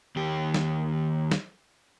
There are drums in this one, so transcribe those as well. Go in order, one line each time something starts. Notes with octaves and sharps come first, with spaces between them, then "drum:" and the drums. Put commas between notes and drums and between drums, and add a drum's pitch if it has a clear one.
D#2 G4
drum: snare
drum: snare